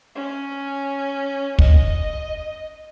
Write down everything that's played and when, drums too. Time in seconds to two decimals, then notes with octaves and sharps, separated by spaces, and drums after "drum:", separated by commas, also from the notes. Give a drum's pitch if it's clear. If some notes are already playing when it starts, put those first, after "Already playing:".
0.15 C#4
1.59 D#5, drum: kick